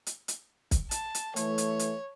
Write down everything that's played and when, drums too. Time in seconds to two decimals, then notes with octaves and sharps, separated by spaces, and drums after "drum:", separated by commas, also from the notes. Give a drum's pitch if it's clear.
0.06 drum: hi-hat
0.28 drum: hi-hat
0.71 drum: kick, hi-hat
0.91 A5, drum: hi-hat
1.15 drum: hi-hat
1.36 E3 A3 C#5, drum: hi-hat
1.58 drum: hi-hat
1.79 drum: hi-hat